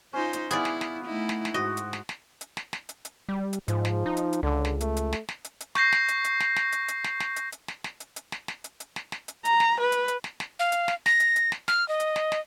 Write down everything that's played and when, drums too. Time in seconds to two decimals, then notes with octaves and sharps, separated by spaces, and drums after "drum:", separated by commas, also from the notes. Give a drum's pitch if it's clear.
0.13 C#4 D#4 F4 C5
0.33 drum: hi-hat
0.51 B3 E4 G#4 D5 F5, drum: hi-hat
0.65 drum: snare
0.81 drum: snare
1.05 A3 D#4 E4
1.29 drum: snare
1.45 drum: snare
1.54 G#2 F#4 C5 D#5
1.77 drum: hi-hat
1.93 drum: snare
2.09 drum: snare
2.41 drum: hi-hat
2.57 drum: snare
2.73 drum: snare
2.89 drum: hi-hat
3.05 drum: hi-hat
3.29 G3
3.53 drum: hi-hat
3.68 G#2 F3, drum: hi-hat
3.85 drum: snare
4.06 D#4
4.17 drum: hi-hat
4.33 drum: hi-hat
4.43 C#2 D3
4.65 drum: snare
4.81 A3, drum: hi-hat
4.97 drum: hi-hat
5.13 drum: snare
5.29 drum: snare
5.44 drum: hi-hat
5.60 drum: hi-hat
5.75 C#6 G6 A#6 C7, drum: snare
5.92 drum: snare
6.08 drum: hi-hat
6.24 drum: hi-hat
6.40 drum: snare
6.56 drum: snare
6.72 drum: hi-hat
6.88 drum: hi-hat
7.04 drum: snare
7.20 drum: snare
7.36 drum: hi-hat
7.52 drum: hi-hat
7.68 drum: snare
7.84 drum: snare
8.00 drum: hi-hat
8.16 drum: hi-hat
8.32 drum: snare
8.48 drum: snare
8.64 drum: hi-hat
8.80 drum: hi-hat
8.96 drum: snare
9.12 drum: snare
9.28 drum: hi-hat
9.45 A#5, drum: hi-hat
9.60 drum: snare
9.79 B4
9.92 drum: hi-hat
10.08 drum: hi-hat
10.24 drum: snare
10.40 drum: snare
10.59 F5
10.72 drum: hi-hat
10.88 drum: snare
11.06 A#6, drum: snare
11.20 drum: hi-hat
11.36 drum: hi-hat
11.52 drum: snare
11.68 F6, drum: snare
11.88 D#5
12.00 drum: hi-hat
12.16 drum: snare
12.32 drum: snare